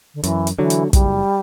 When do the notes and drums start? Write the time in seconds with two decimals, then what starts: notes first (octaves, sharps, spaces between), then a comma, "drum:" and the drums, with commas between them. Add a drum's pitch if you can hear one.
0.14 D3
0.23 F#2 E3, drum: hi-hat
0.47 drum: hi-hat
0.59 D3 E3 F#3
0.70 drum: hi-hat
0.88 A3
0.93 F#1 G3, drum: kick, hi-hat